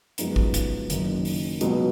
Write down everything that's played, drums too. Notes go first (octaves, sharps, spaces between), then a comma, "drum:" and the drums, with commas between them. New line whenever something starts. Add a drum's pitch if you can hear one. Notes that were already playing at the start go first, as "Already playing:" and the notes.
F#2 F3 G#3 B3 D#4, drum: hi-hat
drum: kick
drum: kick, hi-hat
F#1 F#2 D#3, drum: hi-hat
drum: open hi-hat
C#2 B2 F#3 B3, drum: hi-hat